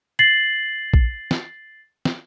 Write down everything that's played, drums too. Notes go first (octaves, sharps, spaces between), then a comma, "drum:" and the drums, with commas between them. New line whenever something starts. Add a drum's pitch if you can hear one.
A6 C7 F#7
drum: kick
drum: snare
drum: snare